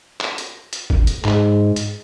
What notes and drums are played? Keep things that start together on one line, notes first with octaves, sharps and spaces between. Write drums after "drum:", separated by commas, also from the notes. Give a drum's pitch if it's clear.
drum: clap
drum: hi-hat
drum: hi-hat
drum: kick
drum: hi-hat
G#2 G#3, drum: clap
drum: hi-hat